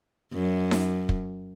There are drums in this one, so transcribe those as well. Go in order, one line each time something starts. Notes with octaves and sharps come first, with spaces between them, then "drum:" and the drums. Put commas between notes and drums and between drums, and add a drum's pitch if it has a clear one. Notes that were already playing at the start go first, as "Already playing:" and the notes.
F#2
drum: snare D#4
drum: kick